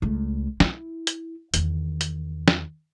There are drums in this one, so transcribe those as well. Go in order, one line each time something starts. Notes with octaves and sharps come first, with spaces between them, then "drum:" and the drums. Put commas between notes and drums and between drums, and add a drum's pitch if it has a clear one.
C#2 A3
E4, drum: snare
drum: hi-hat
E2 D#3, drum: hi-hat
drum: hi-hat
drum: snare